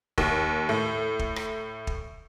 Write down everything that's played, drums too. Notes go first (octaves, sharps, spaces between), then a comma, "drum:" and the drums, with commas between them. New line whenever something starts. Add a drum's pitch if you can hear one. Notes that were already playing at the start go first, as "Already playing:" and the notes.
D#2, drum: kick
A2
drum: kick
drum: rim click
drum: kick